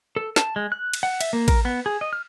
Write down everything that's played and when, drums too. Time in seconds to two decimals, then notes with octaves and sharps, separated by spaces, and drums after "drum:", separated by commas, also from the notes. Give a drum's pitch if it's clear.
0.16 A4
0.36 A5, drum: snare
0.56 G#3
0.72 F#6
0.94 drum: cymbal
1.03 F#5
1.21 E5, drum: cymbal
1.33 A#3
1.48 A#4, drum: kick A1, cymbal
1.65 B3
1.86 G#4
2.01 D#5
2.13 F6